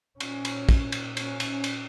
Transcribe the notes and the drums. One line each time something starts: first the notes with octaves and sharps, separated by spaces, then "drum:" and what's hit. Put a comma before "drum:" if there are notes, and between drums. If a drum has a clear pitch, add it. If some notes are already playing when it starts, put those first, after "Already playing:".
A#2 C#4, drum: cymbal
drum: cymbal
drum: kick, cymbal
drum: cymbal
C#4, drum: cymbal
drum: cymbal
drum: cymbal